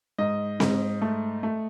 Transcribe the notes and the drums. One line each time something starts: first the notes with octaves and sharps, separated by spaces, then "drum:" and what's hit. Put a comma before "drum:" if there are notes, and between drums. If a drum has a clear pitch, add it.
G#2 D#5
G#2, drum: snare C4
A3
A3